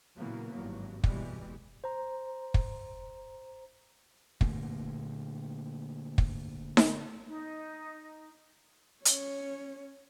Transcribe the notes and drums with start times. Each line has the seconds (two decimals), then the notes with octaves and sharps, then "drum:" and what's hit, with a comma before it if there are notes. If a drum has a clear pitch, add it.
0.17 A#2 C#3 E3 F#3 A#3 B3
0.54 G#1 G2 F#3
1.04 B2 E3 G3 G#3, drum: kick
1.84 C5 A#5
2.54 drum: kick
4.41 A#2 D3 A3 A#3, drum: kick
6.18 drum: kick
6.77 drum: snare D#4
7.26 D#4
9.05 C#4 C#5, drum: hi-hat